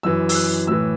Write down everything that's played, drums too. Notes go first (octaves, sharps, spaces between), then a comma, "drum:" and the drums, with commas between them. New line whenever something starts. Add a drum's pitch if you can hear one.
F#2 E3 E6
E6, drum: open hi-hat
F#6
A2 E3 E6